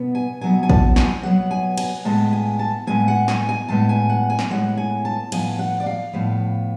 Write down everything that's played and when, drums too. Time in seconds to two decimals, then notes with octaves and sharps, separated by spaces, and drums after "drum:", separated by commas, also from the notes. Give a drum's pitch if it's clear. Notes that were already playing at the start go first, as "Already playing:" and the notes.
Already playing: B2 B3
0.15 G#5
0.41 B2 F#3 B3 G#5
0.63 G#5
0.70 A5, drum: kick
0.96 G#5, drum: snare
1.23 B2 F#3 B3 F#5
1.51 G#5
1.78 G#5, drum: cymbal
2.05 A2 G#3 B3 A5
2.33 G#5
2.59 A5
2.87 A2 G#3 B3 G#5
3.08 F#5
3.28 G#5, drum: snare
3.49 G#5
3.68 A2 G#3 B3 A5
3.89 G#5
4.09 F#5
4.30 G#5
4.39 drum: snare
4.50 A2 G#3 B3 F#5
4.77 G#5
5.05 A5
5.32 A2 F3 B3 G#5, drum: cymbal
5.59 F#5
5.80 D5
5.86 F5
6.13 A2 F3 B3